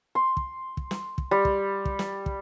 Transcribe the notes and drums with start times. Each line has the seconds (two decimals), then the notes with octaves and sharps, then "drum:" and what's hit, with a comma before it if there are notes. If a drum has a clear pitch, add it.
0.15 C6
0.37 drum: kick
0.77 drum: kick
0.91 drum: snare
1.18 drum: kick
1.31 G3
1.45 drum: kick
1.85 drum: kick
1.99 drum: snare
2.26 drum: kick